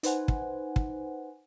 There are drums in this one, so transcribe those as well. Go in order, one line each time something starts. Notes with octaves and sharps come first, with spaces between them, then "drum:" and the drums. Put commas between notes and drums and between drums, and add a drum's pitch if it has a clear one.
D#4 B4 C5 F#5 G#5, drum: hi-hat
drum: kick
drum: kick